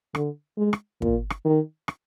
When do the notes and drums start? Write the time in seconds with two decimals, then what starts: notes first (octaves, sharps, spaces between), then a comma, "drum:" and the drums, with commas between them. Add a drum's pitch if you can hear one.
0.15 D3, drum: rim click
0.58 G#3
0.73 drum: rim click
1.02 A#2, drum: kick
1.30 drum: rim click
1.45 D#3
1.88 drum: rim click